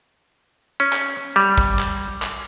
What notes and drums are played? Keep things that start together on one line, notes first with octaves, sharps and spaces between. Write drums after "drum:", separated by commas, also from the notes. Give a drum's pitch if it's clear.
C#4
drum: clap
G3
drum: kick
drum: clap
drum: clap